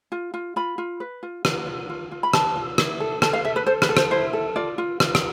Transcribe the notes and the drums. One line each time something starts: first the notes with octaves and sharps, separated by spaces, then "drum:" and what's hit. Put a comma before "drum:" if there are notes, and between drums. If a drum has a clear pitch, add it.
F4
F4
F4 B5
F4
B4
F4
F4, drum: rim click
F4
F4
F4
B5
B4 A5, drum: rim click
F4
E4, drum: rim click
A4
A4 A5, drum: rim click
F5
A4 E5
B4
A4 C5
B4, drum: rim click
A4
C5, drum: rim click
E4 C5
A4
F4 D5
F4
F4, drum: rim click
drum: rim click